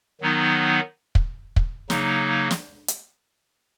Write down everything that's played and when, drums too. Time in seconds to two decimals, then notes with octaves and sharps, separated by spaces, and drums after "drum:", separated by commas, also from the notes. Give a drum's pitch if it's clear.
0.21 D#3 F#3 B3 D#4
1.15 drum: kick
1.56 drum: kick
1.90 C#3 F#3 A#3 D#4, drum: snare
2.51 drum: snare
2.88 drum: hi-hat